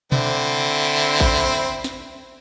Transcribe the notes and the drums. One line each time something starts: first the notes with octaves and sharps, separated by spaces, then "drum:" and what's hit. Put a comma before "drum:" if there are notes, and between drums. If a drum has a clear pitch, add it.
D3 C4 E4, drum: tom B2
drum: kick A1
drum: snare